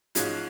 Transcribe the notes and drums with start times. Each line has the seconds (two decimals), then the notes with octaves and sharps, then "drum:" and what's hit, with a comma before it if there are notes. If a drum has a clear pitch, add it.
0.15 G#2 F3 G#3 C#4 F4, drum: hi-hat